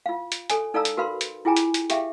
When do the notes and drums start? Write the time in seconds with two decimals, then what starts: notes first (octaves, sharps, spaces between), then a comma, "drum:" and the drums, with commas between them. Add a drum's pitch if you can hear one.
0.06 F4 F5
0.32 drum: hi-hat
0.50 A4 C#5 G#5, drum: hi-hat
0.74 D#4 A4 D5 F5 A#5 E6
0.85 drum: hi-hat
0.97 F#4 A#4 B4 F5 B5 C6
1.21 drum: hi-hat
1.45 E4 F4 G#4 G5 G#5 A#5
1.56 drum: hi-hat
1.74 drum: hi-hat
1.90 G4 G#4 E5 F5 G5, drum: hi-hat